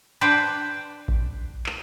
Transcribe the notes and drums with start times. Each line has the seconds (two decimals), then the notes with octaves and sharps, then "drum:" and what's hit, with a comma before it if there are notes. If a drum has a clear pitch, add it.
0.21 D4 B4 C5 G5
1.08 drum: kick A1
1.66 drum: clap